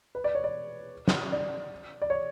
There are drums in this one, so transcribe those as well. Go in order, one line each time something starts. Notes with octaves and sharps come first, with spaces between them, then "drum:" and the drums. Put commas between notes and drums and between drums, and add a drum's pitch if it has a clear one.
B4
D5
C#5
D5
drum: snare
D5
D5
C#5